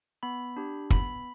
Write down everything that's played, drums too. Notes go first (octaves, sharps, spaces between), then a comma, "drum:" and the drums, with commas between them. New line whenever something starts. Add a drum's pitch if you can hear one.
B3 B5
D4 G4
B3 B5, drum: kick